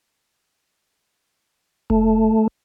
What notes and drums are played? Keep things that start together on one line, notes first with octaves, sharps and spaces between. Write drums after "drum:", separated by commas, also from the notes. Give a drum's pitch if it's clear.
A3, drum: kick F1